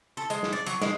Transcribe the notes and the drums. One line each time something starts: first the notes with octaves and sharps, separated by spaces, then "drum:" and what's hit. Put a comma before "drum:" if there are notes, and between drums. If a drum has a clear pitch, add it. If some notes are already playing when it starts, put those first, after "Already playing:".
A4
G#3, drum: hi-hat
drum: snare
D5
F#3, drum: hi-hat
G#3, drum: snare